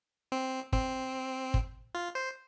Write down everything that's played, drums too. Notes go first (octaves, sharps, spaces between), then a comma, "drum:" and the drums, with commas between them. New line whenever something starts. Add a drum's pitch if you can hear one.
C4
C4, drum: kick
drum: kick
F4
C5